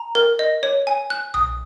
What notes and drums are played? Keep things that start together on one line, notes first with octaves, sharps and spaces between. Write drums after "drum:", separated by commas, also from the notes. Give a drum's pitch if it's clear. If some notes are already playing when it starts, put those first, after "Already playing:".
Already playing: A#5
A#4
D#5
C#5
G#5
F#6
D#6, drum: tom B1